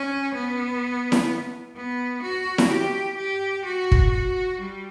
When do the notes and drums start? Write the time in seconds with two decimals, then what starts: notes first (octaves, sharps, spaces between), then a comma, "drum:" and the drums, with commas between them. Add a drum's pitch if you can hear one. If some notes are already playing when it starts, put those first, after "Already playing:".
Already playing: C#4
0.34 B3
1.12 drum: snare E4
1.76 B3
2.22 F#4
2.58 drum: snare E4
2.70 G4
3.17 G4
3.64 F#4
3.92 drum: kick
4.12 F#4
4.60 G3